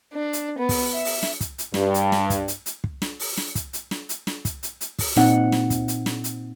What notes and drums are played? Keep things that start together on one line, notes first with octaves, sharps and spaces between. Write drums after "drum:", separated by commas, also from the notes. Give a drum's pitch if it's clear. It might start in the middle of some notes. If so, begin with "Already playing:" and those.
D4
drum: hi-hat
B3
drum: kick, open hi-hat
E5
drum: open hi-hat
drum: snare
drum: kick, hi-hat
drum: hi-hat
G2, drum: snare
drum: hi-hat
drum: snare
drum: kick, hi-hat
drum: hi-hat
drum: hi-hat
drum: kick
drum: snare
drum: open hi-hat
drum: snare
drum: kick, hi-hat
drum: hi-hat
drum: snare
drum: hi-hat
drum: snare
drum: kick, hi-hat
drum: hi-hat
drum: hi-hat
drum: kick, open hi-hat
A#2 C4 D#4 F#5, drum: snare
drum: snare
drum: kick, hi-hat
drum: hi-hat
drum: snare
drum: hi-hat